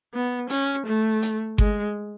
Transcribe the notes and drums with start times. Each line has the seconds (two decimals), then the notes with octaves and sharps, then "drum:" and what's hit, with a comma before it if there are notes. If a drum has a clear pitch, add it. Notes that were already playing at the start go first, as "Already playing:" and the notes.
0.14 B3
0.50 C#4, drum: hi-hat
0.86 A3
1.22 drum: hi-hat
1.58 G#3, drum: kick G1